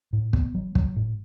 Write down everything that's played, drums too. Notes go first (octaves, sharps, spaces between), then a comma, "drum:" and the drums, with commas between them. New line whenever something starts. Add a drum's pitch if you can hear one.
A2
B3, drum: kick
F#3
F#3, drum: kick
A2